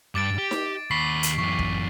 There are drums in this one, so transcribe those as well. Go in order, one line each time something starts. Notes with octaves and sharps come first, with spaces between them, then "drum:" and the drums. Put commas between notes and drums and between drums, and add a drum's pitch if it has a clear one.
G2 D6 A6 D7
G4
drum: snare D#4
D#2 B5 C#6 B6 C7
drum: hi-hat
F#2 E3 C#6
drum: kick